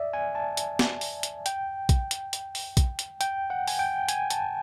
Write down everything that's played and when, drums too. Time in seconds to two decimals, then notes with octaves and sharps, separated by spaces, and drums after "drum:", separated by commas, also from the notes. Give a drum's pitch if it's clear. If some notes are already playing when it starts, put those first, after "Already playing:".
Already playing: D5 E5
0.13 G#5
0.35 A5
0.57 drum: hi-hat
0.79 drum: snare
1.01 drum: open hi-hat
1.23 drum: hi-hat
1.46 G5, drum: hi-hat
1.89 drum: kick A#1, hi-hat
2.11 drum: hi-hat
2.33 drum: hi-hat
2.55 drum: open hi-hat
2.77 drum: kick A#1, hi-hat
2.99 drum: hi-hat
3.21 G5, drum: hi-hat
3.50 F#5
3.68 G#5, drum: open hi-hat
3.79 G5
4.09 G#5, drum: hi-hat
4.30 A5, drum: hi-hat